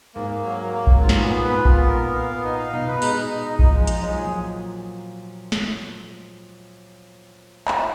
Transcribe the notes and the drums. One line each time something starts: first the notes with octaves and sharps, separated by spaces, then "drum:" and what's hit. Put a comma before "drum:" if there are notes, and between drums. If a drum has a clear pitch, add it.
G#2 A#3
A#3
F#3
A#3
A#3
F#3, drum: kick A#1
G#2 F4
A#2, drum: snare
G#2 B3
A#2 B3
G#2 B4
F4
A#2, drum: kick A#1
B3
A#4
B3
F5
B3
D#4
F5
B2 D#4
B2 B4
G#3 D#4, drum: open hi-hat
D#4
D#4
D#4
F3 D#4, drum: kick A#1
G#3
F3
D#4, drum: hi-hat
F#3 G#3
F3 G#4
A#2
drum: snare
drum: clap